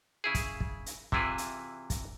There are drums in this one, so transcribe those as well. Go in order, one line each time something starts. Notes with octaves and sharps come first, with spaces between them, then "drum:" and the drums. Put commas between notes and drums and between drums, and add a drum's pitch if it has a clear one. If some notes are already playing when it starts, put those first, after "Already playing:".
C#3 E4 G#4
drum: kick, hi-hat
drum: kick
drum: hi-hat
C3 E3 E4 F4 G#4 B4, drum: kick
drum: hi-hat
drum: kick, hi-hat